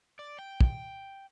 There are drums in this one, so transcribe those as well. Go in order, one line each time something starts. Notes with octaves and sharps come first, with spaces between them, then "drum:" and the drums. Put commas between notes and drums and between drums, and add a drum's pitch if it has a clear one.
D5
G5
drum: kick